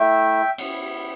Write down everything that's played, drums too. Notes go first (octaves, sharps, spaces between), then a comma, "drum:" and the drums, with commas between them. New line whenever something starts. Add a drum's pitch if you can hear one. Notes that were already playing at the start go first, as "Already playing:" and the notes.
Already playing: A3 E4 E5 G5
B3 E4, drum: cymbal